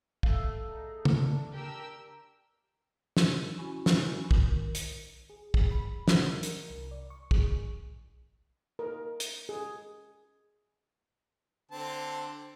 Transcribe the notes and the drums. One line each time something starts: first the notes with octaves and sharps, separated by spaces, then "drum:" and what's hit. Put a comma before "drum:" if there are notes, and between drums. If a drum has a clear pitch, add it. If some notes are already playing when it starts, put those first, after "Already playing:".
A3 F5, drum: kick
D#4 G#4 A4
D4, drum: tom
G4 A#4 E6
drum: snare
C#4 E4 F#4
drum: snare
D#3, drum: kick
drum: hi-hat
G#4
G#4, drum: kick
B5
F#5, drum: snare
A#4, drum: hi-hat
C2
D5
C#6
G#4, drum: kick
A#4
drum: hi-hat
G#4
D3 C4 A5